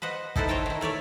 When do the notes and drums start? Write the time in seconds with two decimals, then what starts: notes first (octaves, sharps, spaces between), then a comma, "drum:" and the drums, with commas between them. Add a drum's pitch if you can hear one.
0.02 B4 C5 D#5 F#5
0.36 D#4 E4 A4 B4 C5, drum: kick
0.48 C5 C#5 D#5 G5 A5 A#5
0.66 D#3 E4
0.81 A3 C#5 D5 E5